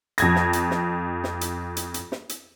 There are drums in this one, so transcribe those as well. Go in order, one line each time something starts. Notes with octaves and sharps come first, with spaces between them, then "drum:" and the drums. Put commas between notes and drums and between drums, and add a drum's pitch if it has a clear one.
F2 G#6 A#6, drum: hi-hat
drum: snare
drum: hi-hat
drum: snare
drum: snare
drum: hi-hat
drum: hi-hat
drum: hi-hat
drum: snare
drum: hi-hat